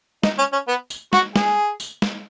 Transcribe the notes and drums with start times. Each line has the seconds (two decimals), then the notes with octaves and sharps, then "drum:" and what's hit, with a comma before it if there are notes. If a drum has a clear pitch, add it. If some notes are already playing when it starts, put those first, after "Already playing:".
0.23 D#4, drum: snare
0.38 C#4
0.53 C#4
0.68 B3
0.90 drum: tambourine
1.13 F#4, drum: snare
1.36 G#4, drum: snare
1.80 drum: tambourine
2.02 drum: snare